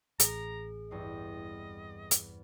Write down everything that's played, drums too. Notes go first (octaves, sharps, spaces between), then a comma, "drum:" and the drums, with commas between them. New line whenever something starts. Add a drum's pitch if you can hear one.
A1 G#4 A#5, drum: hi-hat
E2 G2 C4 D#5
drum: hi-hat